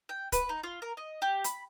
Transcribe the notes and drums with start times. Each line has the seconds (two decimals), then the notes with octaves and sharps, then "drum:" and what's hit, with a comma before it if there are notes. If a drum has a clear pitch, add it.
0.09 G5
0.32 B4, drum: kick C#1, hi-hat
0.49 D#4
0.63 F4
0.82 A#4
0.97 D#5
1.22 G4
1.44 B5, drum: hi-hat